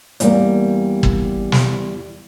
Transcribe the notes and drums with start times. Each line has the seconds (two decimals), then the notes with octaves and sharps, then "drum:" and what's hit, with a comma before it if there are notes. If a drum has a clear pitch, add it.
0.20 E2 G3 A#3, drum: hi-hat
1.03 drum: kick
1.52 drum: snare